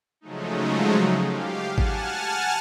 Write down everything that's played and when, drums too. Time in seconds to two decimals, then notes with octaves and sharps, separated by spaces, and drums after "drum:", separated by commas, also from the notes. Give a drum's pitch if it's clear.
0.21 C#3 F3 F#3 G#3 A3 D#4
1.26 G4 F5
1.67 F#5 G#5 A5 F6
1.78 drum: kick G#1